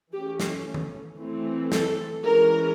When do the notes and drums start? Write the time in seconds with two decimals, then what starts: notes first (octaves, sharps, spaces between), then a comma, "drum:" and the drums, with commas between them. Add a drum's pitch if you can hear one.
0.12 E3 A3 C#4 G4
0.40 drum: snare
0.74 drum: tom D#3
1.19 E3 A3 C4
1.72 A4, drum: snare
2.24 E3 G#3 C#4 A#4